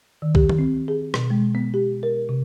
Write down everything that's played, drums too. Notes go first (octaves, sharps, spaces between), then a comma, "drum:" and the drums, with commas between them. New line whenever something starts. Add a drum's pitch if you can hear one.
D#3
G4, drum: kick B1
drum: tom D#3
C4
G#4
B2, drum: rim click
G#3
B3
G4
A#4
C3